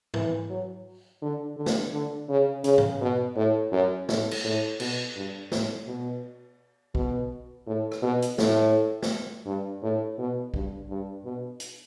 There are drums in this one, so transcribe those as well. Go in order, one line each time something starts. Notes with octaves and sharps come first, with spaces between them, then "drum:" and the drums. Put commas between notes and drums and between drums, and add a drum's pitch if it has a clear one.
E3, drum: tom
F#3
D3
D3
drum: snare
D3
C#3
C#3, drum: hi-hat
drum: tom
B2
A2
F#2
A2, drum: snare
drum: cymbal
A2
B2, drum: cymbal
G2
A2, drum: snare
B2
B2, drum: kick
A2
drum: rim click
B2
drum: hi-hat
A2, drum: snare
drum: snare
G2
A2
B2
G2, drum: kick
G2
B2
drum: hi-hat